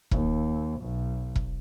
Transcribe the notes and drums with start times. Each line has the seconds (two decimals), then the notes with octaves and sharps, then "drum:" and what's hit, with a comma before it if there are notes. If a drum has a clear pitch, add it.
0.11 D#2, drum: kick E1
0.81 B1
1.36 drum: kick E1